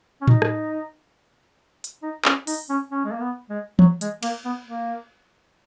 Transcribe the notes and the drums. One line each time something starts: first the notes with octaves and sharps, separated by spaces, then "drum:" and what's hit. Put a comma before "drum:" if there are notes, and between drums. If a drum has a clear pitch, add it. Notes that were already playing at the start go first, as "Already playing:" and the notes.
C#4
D#4, drum: tom A2
drum: rim click
drum: hi-hat
D#4
C#4, drum: clap
D#4, drum: open hi-hat
C#4
C#4
G#3
A#3
B3
G#3
F#3, drum: tom E3
G#3, drum: hi-hat
A#3, drum: cymbal
B3
A#3